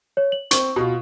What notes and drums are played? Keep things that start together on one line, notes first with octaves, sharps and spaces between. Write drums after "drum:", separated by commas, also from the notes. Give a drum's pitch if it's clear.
C#5
F#7
C4 C#6, drum: hi-hat
B2 F4